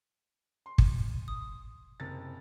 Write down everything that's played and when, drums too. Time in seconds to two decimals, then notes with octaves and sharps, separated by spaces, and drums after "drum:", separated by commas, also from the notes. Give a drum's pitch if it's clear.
0.66 C6
0.78 drum: kick
1.28 D#6
2.00 F#1 C3 A6